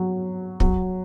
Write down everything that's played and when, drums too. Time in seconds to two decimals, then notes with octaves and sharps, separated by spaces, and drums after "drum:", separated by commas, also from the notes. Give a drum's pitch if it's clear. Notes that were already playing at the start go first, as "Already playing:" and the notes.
Already playing: F#3
0.60 F#3, drum: kick